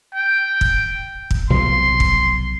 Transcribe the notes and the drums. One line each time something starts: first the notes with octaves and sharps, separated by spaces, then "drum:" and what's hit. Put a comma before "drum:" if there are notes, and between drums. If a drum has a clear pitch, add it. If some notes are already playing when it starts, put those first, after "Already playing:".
G5
drum: kick
drum: kick
B1 C3 F3 C6
drum: kick